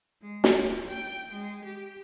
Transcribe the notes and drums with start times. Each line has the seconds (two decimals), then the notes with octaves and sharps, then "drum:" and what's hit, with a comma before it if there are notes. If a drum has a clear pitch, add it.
0.21 G#3
0.44 drum: snare
0.53 G4
0.88 G5
1.31 G#3
1.65 G4